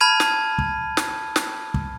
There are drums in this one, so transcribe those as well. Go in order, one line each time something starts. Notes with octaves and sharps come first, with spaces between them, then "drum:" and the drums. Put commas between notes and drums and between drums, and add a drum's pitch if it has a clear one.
A5 B5 F6 G#6 D#7
drum: snare
drum: kick
drum: snare
drum: snare
drum: kick